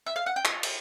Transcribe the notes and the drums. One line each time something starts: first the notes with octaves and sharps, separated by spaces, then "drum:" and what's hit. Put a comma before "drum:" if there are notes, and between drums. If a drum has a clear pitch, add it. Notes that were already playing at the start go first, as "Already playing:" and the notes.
E5
F5
F#5
G5
F4 G#5, drum: clap
drum: cymbal